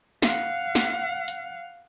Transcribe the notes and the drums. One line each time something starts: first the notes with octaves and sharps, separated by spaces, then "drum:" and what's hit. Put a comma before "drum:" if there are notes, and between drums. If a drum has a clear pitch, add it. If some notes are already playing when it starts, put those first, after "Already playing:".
F5 F#5, drum: snare
drum: snare
drum: hi-hat